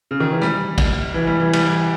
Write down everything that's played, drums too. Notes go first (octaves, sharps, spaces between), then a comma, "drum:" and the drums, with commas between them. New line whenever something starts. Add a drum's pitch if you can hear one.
C#3
D#3
E3
G3, drum: rim click
drum: kick, cymbal
E3
G3
E3
G3, drum: cymbal
E3